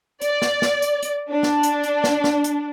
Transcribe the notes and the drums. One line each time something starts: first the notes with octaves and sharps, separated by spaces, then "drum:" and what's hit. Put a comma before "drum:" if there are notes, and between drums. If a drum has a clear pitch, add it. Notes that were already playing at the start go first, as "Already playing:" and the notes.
D5, drum: hi-hat
drum: snare
drum: snare
drum: hi-hat
drum: hi-hat
D4
drum: snare
drum: hi-hat
drum: hi-hat
drum: snare
drum: snare
drum: hi-hat